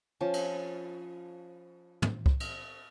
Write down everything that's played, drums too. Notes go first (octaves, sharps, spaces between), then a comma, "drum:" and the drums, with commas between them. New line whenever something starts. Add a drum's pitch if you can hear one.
F3 C#4 A5
drum: cymbal
drum: tom
drum: kick
drum: cymbal